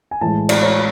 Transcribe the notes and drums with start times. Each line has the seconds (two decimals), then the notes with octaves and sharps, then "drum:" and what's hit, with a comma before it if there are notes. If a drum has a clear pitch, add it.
0.11 G#5
0.21 A2 E3 G#3 A5
0.49 D5, drum: cymbal
0.63 C#5